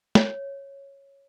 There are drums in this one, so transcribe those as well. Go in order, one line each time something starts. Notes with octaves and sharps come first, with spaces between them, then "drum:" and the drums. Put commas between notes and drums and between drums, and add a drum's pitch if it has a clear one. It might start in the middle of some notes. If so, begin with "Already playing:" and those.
C#5, drum: snare